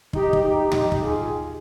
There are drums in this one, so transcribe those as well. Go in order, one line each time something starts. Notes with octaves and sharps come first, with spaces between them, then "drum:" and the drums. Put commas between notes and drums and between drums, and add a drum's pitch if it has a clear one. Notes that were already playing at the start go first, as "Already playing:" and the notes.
D#4 G4, drum: kick
drum: kick
D#4 G4
D#4 G4, drum: tom
drum: kick
F4 G#4